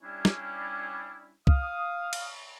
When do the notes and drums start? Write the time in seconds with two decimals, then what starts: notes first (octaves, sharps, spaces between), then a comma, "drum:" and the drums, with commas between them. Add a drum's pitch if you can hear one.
0.03 G3 C#4 D4 E4
0.25 drum: snare
1.47 F5 D#6, drum: kick C2
2.13 drum: cymbal